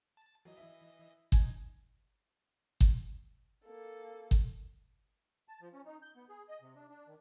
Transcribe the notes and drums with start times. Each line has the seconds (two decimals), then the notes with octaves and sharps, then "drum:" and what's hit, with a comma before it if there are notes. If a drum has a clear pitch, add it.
0.17 A5
0.45 E3 F#3 D#5
0.57 E4 E5
1.32 D#4 G#5 G#6, drum: kick G1
2.81 drum: kick G1
3.65 A#3 A4
4.31 drum: kick G1
5.48 A5
5.61 F3
5.73 C#4
5.86 D#4
6.02 G6
6.16 B3
6.30 G#4
6.49 D#5
6.61 C3
6.76 D4
6.90 D4
7.07 D#3